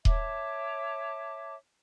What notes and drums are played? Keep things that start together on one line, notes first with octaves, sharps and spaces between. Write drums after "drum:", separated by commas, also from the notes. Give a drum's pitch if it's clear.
C#5 E5 A5 D6, drum: kick D#1